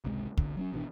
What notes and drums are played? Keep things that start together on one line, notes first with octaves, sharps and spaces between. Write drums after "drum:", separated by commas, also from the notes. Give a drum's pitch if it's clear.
G#1 C#2 C3 G#3
C2 D3, drum: kick
F#3 B3 C#4
G#1 B2 E3 D4